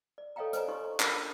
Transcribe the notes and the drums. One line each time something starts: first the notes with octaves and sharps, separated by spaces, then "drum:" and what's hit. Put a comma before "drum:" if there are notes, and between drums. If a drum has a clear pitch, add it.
D5
A4 C#5 D#5 F5 G5 A#5
B4 C5 D5 G#5 A#5, drum: hi-hat
D#4 G4 C5 D#5 C6 C#6
D4 A#4 A#5 B5, drum: clap